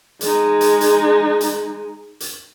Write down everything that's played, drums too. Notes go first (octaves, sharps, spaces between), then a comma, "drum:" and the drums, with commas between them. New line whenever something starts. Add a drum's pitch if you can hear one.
G#3 D#4, drum: hi-hat
drum: hi-hat
drum: hi-hat
drum: hi-hat
drum: hi-hat